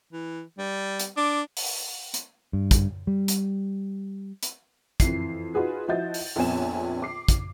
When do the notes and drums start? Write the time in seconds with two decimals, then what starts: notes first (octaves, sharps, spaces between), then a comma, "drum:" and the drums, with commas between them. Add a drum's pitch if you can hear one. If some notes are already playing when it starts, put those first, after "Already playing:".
0.12 E3
0.58 G3
1.00 drum: hi-hat
1.17 D4 D6
1.57 drum: open hi-hat
2.14 drum: hi-hat
2.53 G2
2.71 drum: kick, hi-hat
3.07 G3
3.28 drum: hi-hat
4.43 drum: hi-hat
5.00 F2 E3 C7, drum: kick, hi-hat
5.54 D#4 F4 F#4 G#4 B4
5.88 F3 E4 F#4 D#5 G6 A6
6.14 drum: open hi-hat
6.36 A#1 F2 B3 C#5 G#5 E7
7.02 D6 C7
7.28 drum: kick, hi-hat